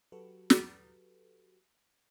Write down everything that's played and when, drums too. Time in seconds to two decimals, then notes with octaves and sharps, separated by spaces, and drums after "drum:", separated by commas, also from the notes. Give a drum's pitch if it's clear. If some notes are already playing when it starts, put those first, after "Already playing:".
0.12 F#3 F#4 G4 A4 B4
0.50 drum: snare